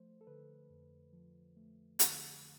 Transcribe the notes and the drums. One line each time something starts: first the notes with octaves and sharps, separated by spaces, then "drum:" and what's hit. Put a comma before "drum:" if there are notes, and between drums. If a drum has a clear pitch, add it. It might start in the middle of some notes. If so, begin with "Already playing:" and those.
Already playing: F3 A3 C5
A4
D3 B4
F2
F3
A3
D3, drum: hi-hat